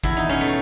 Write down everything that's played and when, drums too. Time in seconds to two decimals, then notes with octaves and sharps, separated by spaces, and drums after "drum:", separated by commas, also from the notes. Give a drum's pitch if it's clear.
0.04 E2 E4, drum: kick
0.17 D#4
0.29 B2 C#4
0.41 A3